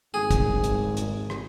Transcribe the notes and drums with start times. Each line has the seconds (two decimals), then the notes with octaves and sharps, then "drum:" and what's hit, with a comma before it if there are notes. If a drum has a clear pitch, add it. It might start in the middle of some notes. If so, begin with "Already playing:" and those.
0.14 G#1 G#4
0.31 drum: kick, hi-hat
0.64 drum: hi-hat
0.97 drum: hi-hat
1.30 drum: rim click